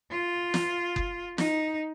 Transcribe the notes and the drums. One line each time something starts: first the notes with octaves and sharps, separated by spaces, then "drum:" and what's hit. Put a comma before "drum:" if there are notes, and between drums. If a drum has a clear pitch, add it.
F4
drum: snare
drum: kick F#1
D#4, drum: snare